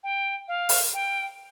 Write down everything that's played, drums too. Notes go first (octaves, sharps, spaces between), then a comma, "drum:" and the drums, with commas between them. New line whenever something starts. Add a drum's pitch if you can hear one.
G5
F5
drum: open hi-hat
G5